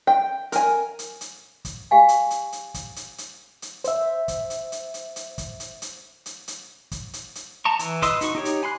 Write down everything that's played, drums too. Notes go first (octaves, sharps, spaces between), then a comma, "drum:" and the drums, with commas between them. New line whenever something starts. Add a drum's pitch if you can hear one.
G5
A#4 G#5, drum: hi-hat
drum: hi-hat
drum: hi-hat
drum: kick, hi-hat
G4 F5 G#5
drum: hi-hat
drum: hi-hat
drum: hi-hat
drum: kick, hi-hat
drum: hi-hat
drum: hi-hat
drum: hi-hat
C5 E5, drum: hi-hat
drum: kick, hi-hat
drum: hi-hat
drum: hi-hat
drum: hi-hat
drum: hi-hat
drum: kick, hi-hat
drum: hi-hat
drum: hi-hat
drum: hi-hat
drum: hi-hat
drum: kick, hi-hat
drum: hi-hat
drum: hi-hat
A5 A#5 C#6
E3, drum: hi-hat
B4 D#5 C6 E6, drum: kick, hi-hat
D#4 F#4 C#6, drum: hi-hat
D#4 G4 C#5
drum: hi-hat
G#5 B5 C6 F#6